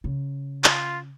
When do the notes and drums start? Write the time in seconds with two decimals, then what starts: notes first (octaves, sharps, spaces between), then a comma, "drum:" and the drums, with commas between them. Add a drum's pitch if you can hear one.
0.04 C#3
0.64 F4, drum: clap